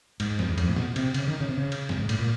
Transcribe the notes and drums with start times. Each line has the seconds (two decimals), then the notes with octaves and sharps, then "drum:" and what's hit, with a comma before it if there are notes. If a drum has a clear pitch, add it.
0.20 G#2, drum: cymbal
0.39 F#2, drum: snare
0.48 E2
0.58 F2, drum: cymbal
0.68 A2
0.76 B2, drum: snare
0.96 C3, drum: cymbal
1.14 C#3, drum: cymbal
1.27 D#3
1.40 C#3
1.49 C3
1.58 C#3
1.72 drum: cymbal
1.89 G2, drum: snare
1.99 G#2
2.09 A2, drum: cymbal
2.19 A#2